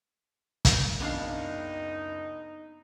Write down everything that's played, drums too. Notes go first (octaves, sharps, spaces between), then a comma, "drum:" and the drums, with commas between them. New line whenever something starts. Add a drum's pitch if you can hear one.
drum: kick, hi-hat
F#1 C#2 B3 D4 D#4 F5